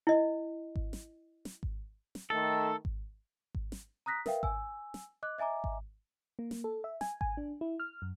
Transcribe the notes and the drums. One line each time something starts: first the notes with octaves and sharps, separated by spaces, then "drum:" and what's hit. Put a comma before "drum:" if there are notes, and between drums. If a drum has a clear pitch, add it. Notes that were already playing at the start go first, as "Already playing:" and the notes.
E4 D#5
drum: kick G#1
drum: snare
drum: snare
drum: kick G#1
drum: snare
D#3 A3 A4
drum: kick G#1
drum: kick G#1
drum: snare
A#5 D#6 F#6 A#6 B6
A#4 B4 E5 F5 G5, drum: snare
G#5 E6, drum: kick G#1
drum: snare
D#5 D6 F#6
D#5 E5 G#5 A#5 D6
drum: kick G#1
A#3
drum: snare
A4
E5
G#5, drum: snare
G#5, drum: kick G#1
D4
E4
F6
F#2